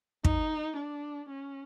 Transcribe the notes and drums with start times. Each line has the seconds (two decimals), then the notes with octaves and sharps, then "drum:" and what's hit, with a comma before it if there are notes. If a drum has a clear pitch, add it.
0.24 D#4, drum: kick
0.76 D4
1.29 C#4